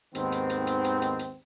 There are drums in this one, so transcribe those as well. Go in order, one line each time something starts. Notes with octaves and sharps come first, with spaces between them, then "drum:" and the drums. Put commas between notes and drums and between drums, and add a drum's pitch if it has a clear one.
D#2 G#2 D#3 B3 C4, drum: hi-hat
drum: hi-hat
drum: hi-hat
drum: hi-hat
drum: hi-hat
drum: hi-hat
drum: hi-hat